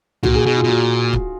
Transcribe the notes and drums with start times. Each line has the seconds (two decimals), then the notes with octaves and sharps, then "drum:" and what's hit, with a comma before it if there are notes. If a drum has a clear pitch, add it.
0.23 A#2 F#4, drum: tom C2
0.35 G#4
0.46 B2 G#4
0.58 F4
0.64 B2
0.69 A#2 F#4
1.13 drum: kick